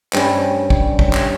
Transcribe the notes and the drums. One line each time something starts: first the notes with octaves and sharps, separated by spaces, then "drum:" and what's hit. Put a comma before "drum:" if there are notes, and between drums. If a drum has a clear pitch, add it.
G2 G3 C#4 G4, drum: clap
drum: kick
drum: kick
drum: clap